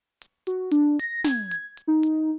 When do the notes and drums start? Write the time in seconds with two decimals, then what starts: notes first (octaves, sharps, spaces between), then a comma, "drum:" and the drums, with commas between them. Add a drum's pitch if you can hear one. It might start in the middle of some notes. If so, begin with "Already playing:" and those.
0.22 drum: hi-hat
0.47 F#4, drum: hi-hat
0.71 D4, drum: hi-hat
0.99 A#6, drum: hi-hat
1.24 G#6, drum: snare
1.51 drum: hi-hat
1.77 drum: hi-hat
1.87 D#4
2.03 drum: hi-hat